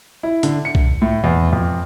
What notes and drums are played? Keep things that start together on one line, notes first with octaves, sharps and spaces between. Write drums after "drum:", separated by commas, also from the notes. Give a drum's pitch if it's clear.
E4
D3, drum: hi-hat
C#7
drum: kick C2
A2
E2
F2